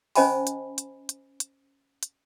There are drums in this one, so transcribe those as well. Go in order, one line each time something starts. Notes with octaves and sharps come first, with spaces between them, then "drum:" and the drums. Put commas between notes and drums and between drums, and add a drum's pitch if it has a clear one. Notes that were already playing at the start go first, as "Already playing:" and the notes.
C#4 C5 D#5 G#5 A5 B5, drum: open hi-hat
drum: hi-hat
drum: hi-hat
drum: hi-hat
drum: hi-hat
drum: hi-hat